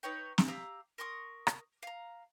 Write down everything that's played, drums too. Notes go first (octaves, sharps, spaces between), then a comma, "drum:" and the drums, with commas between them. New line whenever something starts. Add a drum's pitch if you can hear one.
D#4 B4 C#5 G5
drum: snare
G4 F5 A#5 E6
A#4 C6 C#6 D#6
drum: rim click
F5 A#5